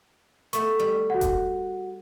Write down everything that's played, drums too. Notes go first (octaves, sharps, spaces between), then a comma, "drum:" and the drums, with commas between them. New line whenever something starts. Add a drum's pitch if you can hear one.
A3 B3 C#6, drum: hi-hat
G3
F#4 F#5
drum: kick E1, hi-hat